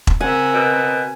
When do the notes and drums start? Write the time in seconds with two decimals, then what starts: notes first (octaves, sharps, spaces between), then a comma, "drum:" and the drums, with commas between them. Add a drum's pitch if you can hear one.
0.07 drum: kick E1
0.21 C#3 C4 A#4 E5 F#5 G#5
0.54 B2